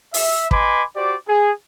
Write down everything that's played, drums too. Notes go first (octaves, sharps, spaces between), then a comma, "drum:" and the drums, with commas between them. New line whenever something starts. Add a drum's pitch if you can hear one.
E5, drum: open hi-hat
B4 D#5 G#5 B5 C6 D6, drum: kick
F#4 G4 C5 D5
G#4